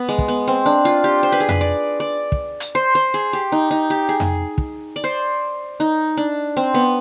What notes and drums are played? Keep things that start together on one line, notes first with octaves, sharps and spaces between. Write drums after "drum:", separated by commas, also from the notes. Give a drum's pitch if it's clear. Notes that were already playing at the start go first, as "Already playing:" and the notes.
Already playing: B3
G#3
drum: kick
B3
C4
D4
F4
G4
C5
B4
G#4
B4, drum: tom F2
D5
D5
drum: kick
drum: hi-hat
C5
C5
G#4
G4
D#4
D#4
G4
G#4
drum: tom F2
drum: kick
D5
C5
D#4
D4
C4
B3